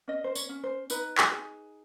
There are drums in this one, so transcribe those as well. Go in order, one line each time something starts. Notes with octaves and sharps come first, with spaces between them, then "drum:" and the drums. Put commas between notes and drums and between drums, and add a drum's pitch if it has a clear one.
C#4 D#5
C5
C#5, drum: tambourine
C#4
C5
D#4 B4, drum: tambourine
drum: clap
G#4